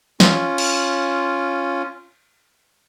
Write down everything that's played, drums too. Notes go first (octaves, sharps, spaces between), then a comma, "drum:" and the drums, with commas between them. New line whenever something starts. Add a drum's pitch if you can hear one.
C#4 F4, drum: snare
drum: cymbal